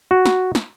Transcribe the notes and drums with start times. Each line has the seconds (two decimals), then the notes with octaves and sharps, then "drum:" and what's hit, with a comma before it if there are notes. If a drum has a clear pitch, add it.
0.11 F#4
0.26 drum: snare
0.55 drum: snare